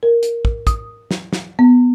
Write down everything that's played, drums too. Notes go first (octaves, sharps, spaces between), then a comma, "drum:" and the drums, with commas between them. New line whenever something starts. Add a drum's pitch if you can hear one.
A#4
drum: hi-hat
drum: kick
D#6, drum: kick, hi-hat
drum: snare
drum: snare
B3